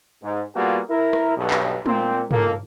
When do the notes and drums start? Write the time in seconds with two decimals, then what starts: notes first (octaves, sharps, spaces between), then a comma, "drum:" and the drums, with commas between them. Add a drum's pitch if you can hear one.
0.23 G#2
0.56 G3 A#3 B3 F4 F#4 G#4
0.90 E4 A#4
1.13 drum: rim click
1.37 B1 G2 B2
1.51 drum: clap
1.86 A#2 C4, drum: tom
2.31 C#2 A#3 A4, drum: tom